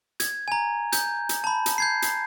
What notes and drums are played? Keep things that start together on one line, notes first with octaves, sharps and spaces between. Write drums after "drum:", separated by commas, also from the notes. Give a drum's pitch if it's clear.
G#6, drum: hi-hat
G#5 A#5
G6, drum: hi-hat
drum: hi-hat
A5 B5
drum: hi-hat
G6 G#6 C7
drum: hi-hat